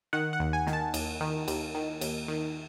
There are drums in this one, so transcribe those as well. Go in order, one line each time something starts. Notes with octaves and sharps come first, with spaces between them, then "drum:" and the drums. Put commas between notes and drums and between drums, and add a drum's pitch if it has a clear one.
D#3 F#5
F#5
D#2
G#5
D#3, drum: snare
A5
D#2, drum: cymbal
D#3
D#2, drum: cymbal
D#3
D#2, drum: cymbal
D#3